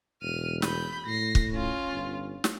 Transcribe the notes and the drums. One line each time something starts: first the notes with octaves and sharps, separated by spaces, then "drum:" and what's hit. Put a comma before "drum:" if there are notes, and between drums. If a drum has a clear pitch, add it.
E1 F6 D#7
B5 G6, drum: snare
A2 A#6 C7
drum: kick
C#4 F4
G1
drum: snare